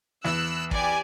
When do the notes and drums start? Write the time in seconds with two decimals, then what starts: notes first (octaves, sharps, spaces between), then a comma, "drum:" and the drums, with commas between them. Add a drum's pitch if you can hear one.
0.24 E2 E6 F#6, drum: snare
0.71 G4 D5 G#5, drum: kick